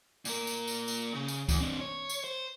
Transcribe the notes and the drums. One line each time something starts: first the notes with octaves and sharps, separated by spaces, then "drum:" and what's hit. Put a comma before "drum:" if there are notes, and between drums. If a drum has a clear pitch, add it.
A#2 A#4, drum: tambourine
drum: tambourine
drum: tambourine
drum: tambourine
C#3
drum: tambourine
E2, drum: kick C#2, tambourine
C4 D4
C#5
drum: tambourine
C5